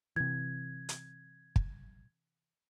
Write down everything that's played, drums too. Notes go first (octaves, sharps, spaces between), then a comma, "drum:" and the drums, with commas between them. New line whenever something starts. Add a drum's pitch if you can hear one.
C3 E3 G#6
drum: hi-hat
drum: kick